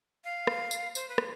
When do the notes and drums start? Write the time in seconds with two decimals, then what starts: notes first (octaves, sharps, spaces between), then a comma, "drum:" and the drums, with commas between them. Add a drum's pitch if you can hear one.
0.24 F5
0.47 drum: rim click
0.71 drum: tambourine
0.95 C5, drum: tambourine
1.09 B4
1.18 drum: rim click